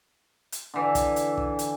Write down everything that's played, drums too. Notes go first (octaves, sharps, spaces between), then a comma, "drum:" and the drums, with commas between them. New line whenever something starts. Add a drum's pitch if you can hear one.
drum: hi-hat
D3 E3
drum: kick, hi-hat
drum: hi-hat
drum: kick
drum: hi-hat